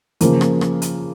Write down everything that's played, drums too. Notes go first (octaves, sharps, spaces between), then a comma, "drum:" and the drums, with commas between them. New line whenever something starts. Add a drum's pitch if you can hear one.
C#3 F3 A#3, drum: hi-hat
drum: rim click
drum: rim click
drum: hi-hat